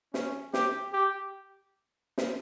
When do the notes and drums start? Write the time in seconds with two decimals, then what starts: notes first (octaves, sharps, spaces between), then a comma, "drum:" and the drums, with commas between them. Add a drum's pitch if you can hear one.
0.14 C#4, drum: snare
0.54 G4, drum: snare
0.93 G4
2.18 drum: snare